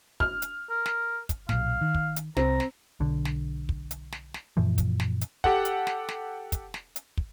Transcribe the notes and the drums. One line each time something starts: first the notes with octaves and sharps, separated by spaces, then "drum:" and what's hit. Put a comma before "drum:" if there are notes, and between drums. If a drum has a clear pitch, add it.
F6, drum: kick
drum: hi-hat
A#4
drum: snare
drum: kick, hi-hat
B1 A#2 F5, drum: snare
D#3
drum: kick
drum: hi-hat
C2 C4 A#5, drum: snare
drum: snare
B1 D3
drum: snare
drum: kick
drum: hi-hat
drum: snare
drum: snare
F#2 A#2 E3 F3
drum: kick, hi-hat
drum: snare
drum: hi-hat
G4 A4 F#5, drum: kick
drum: hi-hat
drum: snare
drum: snare
drum: kick, hi-hat
drum: snare
drum: hi-hat
drum: kick